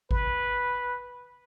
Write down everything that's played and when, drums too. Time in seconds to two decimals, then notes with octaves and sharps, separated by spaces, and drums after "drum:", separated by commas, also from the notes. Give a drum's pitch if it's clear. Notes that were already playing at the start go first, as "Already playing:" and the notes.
0.11 B4, drum: kick G#1